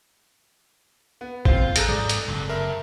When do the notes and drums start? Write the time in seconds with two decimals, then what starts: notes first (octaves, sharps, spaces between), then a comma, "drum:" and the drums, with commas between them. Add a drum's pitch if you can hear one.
1.21 B3
1.45 A#2 C4 F4 C5, drum: kick G#1
1.76 G#4 A4 A#5 F#6 G6 A#6, drum: hi-hat
1.88 E2 G#2 D#3 F#3 D5 D#5
2.09 drum: hi-hat
2.28 F#1 G2 C3 F#3
2.50 G2 A#4 E5